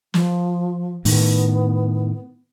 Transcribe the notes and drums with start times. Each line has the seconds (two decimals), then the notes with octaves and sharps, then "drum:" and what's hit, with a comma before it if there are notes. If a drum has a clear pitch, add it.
0.14 F3, drum: snare
1.05 A2 D#3 B3, drum: open hi-hat